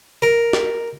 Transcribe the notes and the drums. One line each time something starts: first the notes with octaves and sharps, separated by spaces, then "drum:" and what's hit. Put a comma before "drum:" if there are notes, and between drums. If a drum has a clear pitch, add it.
A#4
drum: snare